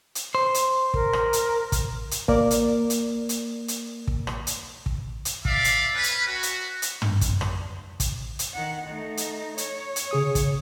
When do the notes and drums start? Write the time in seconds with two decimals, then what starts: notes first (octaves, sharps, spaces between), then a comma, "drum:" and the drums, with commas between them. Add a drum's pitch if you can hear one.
0.15 drum: hi-hat
0.35 C5
0.54 drum: hi-hat
0.94 A#4, drum: kick
1.13 drum: rim click
1.33 drum: hi-hat
1.72 drum: kick, hi-hat
2.11 drum: hi-hat
2.28 A#3 A#4 D5, drum: kick
2.51 drum: hi-hat
2.90 drum: hi-hat
3.29 drum: hi-hat
3.68 drum: hi-hat
4.07 drum: kick
4.27 drum: rim click
4.47 drum: hi-hat
4.86 drum: kick
5.25 drum: hi-hat
5.45 D5 E5 F5, drum: kick
5.64 drum: hi-hat
5.94 C#4 B4
6.04 drum: hi-hat
6.26 F#4
6.43 drum: hi-hat
6.82 drum: hi-hat
7.02 drum: tom
7.21 drum: kick, hi-hat
7.41 drum: rim click
8.00 drum: kick, hi-hat
8.39 drum: hi-hat
8.53 D#3 F#5
8.87 A3 D#4
9.17 drum: hi-hat
9.58 C#5, drum: hi-hat
9.96 drum: hi-hat
10.11 C#3 G#4 D#6
10.35 drum: kick, hi-hat